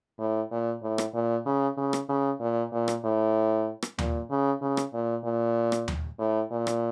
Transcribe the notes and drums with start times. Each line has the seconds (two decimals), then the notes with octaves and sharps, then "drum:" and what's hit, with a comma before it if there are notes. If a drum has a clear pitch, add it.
0.19 A2
0.51 A#2
0.83 A2
0.98 drum: rim click
1.14 A#2
1.46 C#3
1.77 C#3
1.93 drum: rim click
2.09 C#3
2.40 A#2
2.72 A#2
2.88 drum: rim click
3.04 A2
3.82 drum: rim click
3.98 A#2, drum: tom D#2
4.30 C#3
4.61 C#3
4.77 drum: rim click
4.93 A#2
5.24 A#2
5.72 drum: rim click
5.88 drum: tom D#2
6.19 A2
6.51 A#2
6.67 drum: rim click